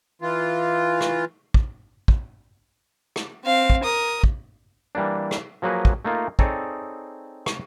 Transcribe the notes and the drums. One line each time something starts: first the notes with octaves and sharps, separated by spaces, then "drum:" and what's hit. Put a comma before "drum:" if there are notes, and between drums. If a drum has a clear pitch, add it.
E3 F4
drum: rim click
drum: kick
drum: kick
drum: rim click
C4 F5
drum: kick
A#4 D#6
drum: kick
E3 G3 A#3 D4
drum: rim click
F3 F#3 A#3 F#4 G#4 B4
drum: kick
A3 A#3 D#4 F4
C4 D#4 G#4 A4 C#5 D5, drum: kick
drum: rim click